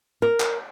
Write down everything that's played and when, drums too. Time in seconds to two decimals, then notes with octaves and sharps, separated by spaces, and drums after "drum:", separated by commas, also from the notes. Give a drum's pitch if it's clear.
0.22 A#4
0.40 drum: clap